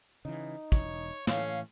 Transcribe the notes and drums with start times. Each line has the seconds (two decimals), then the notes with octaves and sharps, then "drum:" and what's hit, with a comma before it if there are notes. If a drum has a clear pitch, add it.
0.25 C#3 E3 D#4
0.72 E1 C#5, drum: kick, hi-hat
1.27 A2 E3 A3 C#4 C#5 F5, drum: snare